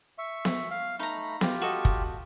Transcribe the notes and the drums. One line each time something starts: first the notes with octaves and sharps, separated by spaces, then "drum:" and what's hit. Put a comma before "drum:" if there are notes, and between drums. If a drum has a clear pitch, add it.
E5 C#6
drum: snare B3
F5
A3 D#4 A#5 B5
F4 G4, drum: snare B3
F#4 A4 D#5
drum: kick